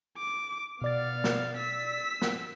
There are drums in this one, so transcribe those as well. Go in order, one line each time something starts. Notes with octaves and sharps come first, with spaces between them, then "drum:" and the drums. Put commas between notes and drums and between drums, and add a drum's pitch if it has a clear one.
D6
B2 B3 D5 F5 A6
drum: snare
E6 B6
drum: snare